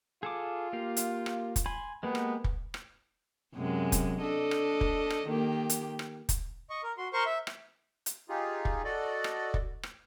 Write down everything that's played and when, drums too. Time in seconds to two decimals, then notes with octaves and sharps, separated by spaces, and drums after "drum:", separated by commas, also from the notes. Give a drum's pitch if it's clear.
0.23 F4 G#4 A4 D6
0.73 A#3 G4 F5
0.97 drum: hi-hat
1.26 drum: rim click
1.56 drum: kick, hi-hat
1.66 G#5 B5 C6
2.03 G#3 A#3 B3 G4
2.15 drum: rim click
2.44 drum: kick
2.74 drum: rim click
3.55 F#2 C3 G#3
3.92 drum: kick, hi-hat
4.22 D4 A4 D#5
4.51 drum: rim click
4.81 drum: kick
5.10 drum: rim click
5.27 D#3 A#3 G4
5.70 drum: hi-hat
5.99 drum: rim click
6.29 drum: kick, hi-hat
6.70 D#5 C#6
6.83 A#4
6.98 F#4 C6
7.13 A#4 C5 C6 C#6
7.26 E5
7.47 drum: rim click
8.06 drum: hi-hat
8.29 D#4 F4 G4 G#4
8.65 drum: kick
8.84 F#4 A4 D5 D#5
9.24 drum: rim click
9.54 drum: kick
9.83 drum: rim click